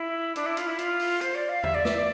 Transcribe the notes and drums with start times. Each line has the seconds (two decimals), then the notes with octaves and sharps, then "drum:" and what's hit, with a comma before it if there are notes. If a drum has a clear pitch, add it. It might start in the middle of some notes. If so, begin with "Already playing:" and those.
Already playing: E4
0.36 D4, drum: hi-hat
0.46 E4
0.57 F4, drum: hi-hat
0.67 E4
0.79 F4, drum: hi-hat
1.00 drum: open hi-hat
1.21 C5, drum: hi-hat
1.35 D5
1.49 F5
1.63 E5, drum: tom E2
1.75 D5
1.85 E5, drum: snare
1.96 D5